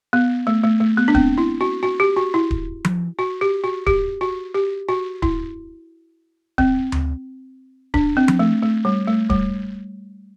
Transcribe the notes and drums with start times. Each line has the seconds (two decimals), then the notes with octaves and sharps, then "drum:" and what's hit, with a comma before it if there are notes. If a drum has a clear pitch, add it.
0.13 B3
0.47 A3
0.64 A3
0.80 A3
0.97 B3
1.08 D4
1.15 C4, drum: kick D1
1.38 E4
1.61 F#4
1.83 F#4
2.00 G4
2.17 F#4
2.34 E4
2.51 drum: kick D1
2.85 drum: tom F3
3.19 F#4
3.41 G4
3.64 F#4
3.87 G4, drum: kick D1
4.21 F#4
4.54 G4
4.89 F#4
5.22 E4, drum: kick D1
6.58 C4, drum: kick D1
6.92 drum: tom D2
7.94 D4, drum: kick D1
8.17 C4
8.28 drum: tom F3
8.39 A3
8.63 A3
8.85 G3
9.07 A3
9.30 G3, drum: kick D1